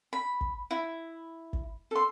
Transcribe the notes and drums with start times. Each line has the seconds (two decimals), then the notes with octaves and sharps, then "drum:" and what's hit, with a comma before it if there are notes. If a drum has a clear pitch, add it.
0.13 B5
0.41 drum: kick
0.71 E4
1.53 drum: kick
1.91 A4 C6